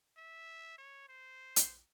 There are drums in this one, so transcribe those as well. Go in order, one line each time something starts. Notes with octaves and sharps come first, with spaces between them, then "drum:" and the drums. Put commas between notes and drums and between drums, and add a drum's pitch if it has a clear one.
E5
C#5
C5
drum: hi-hat